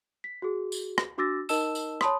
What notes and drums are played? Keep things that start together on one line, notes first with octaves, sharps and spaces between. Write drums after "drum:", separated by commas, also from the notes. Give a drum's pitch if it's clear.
B6
F#4 G#4
drum: tambourine
drum: rim click
D4 F#4 D6 E6 A6 A#6
D#4 A#4 D#5 A5 E6 E7, drum: tambourine
drum: tambourine
C#5 A5 B5 C6 D#6, drum: rim click